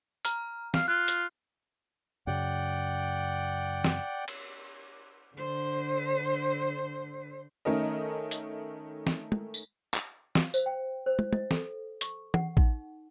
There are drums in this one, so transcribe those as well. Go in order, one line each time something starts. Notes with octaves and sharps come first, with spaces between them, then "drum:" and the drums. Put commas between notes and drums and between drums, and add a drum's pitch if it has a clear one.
A#5 F6, drum: hi-hat
F5, drum: snare
F4 F#6
drum: hi-hat
F#2 C#3 D5 F#5 G5
drum: snare
drum: cymbal
D3 C5
D#3 A3 C#4 A#4 D#5
drum: hi-hat
drum: snare
drum: tom
drum: tambourine
drum: clap
F5, drum: snare
C5, drum: tambourine
G5
C5
drum: tom
D#5, drum: tom
A4, drum: snare
C#6, drum: hi-hat
F#5, drum: tom E3
D#4, drum: kick A1